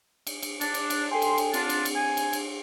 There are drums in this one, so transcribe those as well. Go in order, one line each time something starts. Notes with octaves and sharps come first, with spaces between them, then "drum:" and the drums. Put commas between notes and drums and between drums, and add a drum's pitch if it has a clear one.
drum: cymbal
drum: cymbal
D4, drum: cymbal
drum: cymbal
drum: cymbal
A4 G5 G#5 C6
drum: cymbal
drum: cymbal
C4 D4 F4, drum: cymbal
drum: cymbal
drum: cymbal
G#5
drum: cymbal
drum: cymbal